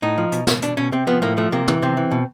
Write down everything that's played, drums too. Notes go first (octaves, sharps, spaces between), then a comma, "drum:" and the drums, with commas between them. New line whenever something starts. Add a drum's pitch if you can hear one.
A2 D#4
F3
B2, drum: hi-hat
B2, drum: snare
B2 D4, drum: hi-hat
B2 C#4
C3 C4
F3 B3
A2 A#3
F3 A3
C3 A#3
E3, drum: tom
C3 C4
E3
B2